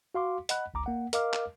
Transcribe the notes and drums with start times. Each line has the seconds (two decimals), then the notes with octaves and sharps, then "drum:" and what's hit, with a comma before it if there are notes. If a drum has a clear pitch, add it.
0.15 F#4 F5 C6 D6
0.49 D#5 F#5 B5 F#6, drum: hi-hat
0.74 G1 C#2 A#5 D6
0.86 A#3 F#5
1.13 A#4 D#5 F5 D6 F6, drum: hi-hat
1.33 drum: clap